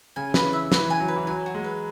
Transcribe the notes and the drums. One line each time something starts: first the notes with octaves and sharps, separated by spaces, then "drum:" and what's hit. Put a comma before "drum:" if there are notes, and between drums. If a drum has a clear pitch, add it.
C#3 G#5
C#3 B4, drum: snare
E3
E5
E3 B4, drum: snare
G#5
F#3
B4
E3
F#3 G#5
F#4
G#3
B4